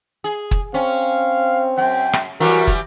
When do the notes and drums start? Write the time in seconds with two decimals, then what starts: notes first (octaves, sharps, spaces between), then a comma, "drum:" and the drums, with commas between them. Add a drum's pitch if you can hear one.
0.24 G#4
0.51 drum: kick
0.74 C4 C#4 F5
1.78 F#2 G5
2.13 drum: rim click
2.40 E3 F#3 G3 F#4 A#4
2.67 drum: kick